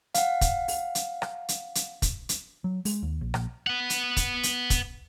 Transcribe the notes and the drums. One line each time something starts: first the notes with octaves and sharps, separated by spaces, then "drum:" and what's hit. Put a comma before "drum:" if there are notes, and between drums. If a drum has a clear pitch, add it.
F5 F#5, drum: hi-hat
drum: kick, hi-hat
drum: open hi-hat
drum: hi-hat
drum: rim click
drum: hi-hat
drum: hi-hat
drum: kick, hi-hat
drum: hi-hat
F#3
G#3, drum: open hi-hat
D#2
A#1
A#1, drum: rim click
B4 F#5
drum: hi-hat
drum: kick, hi-hat
drum: hi-hat
drum: kick, hi-hat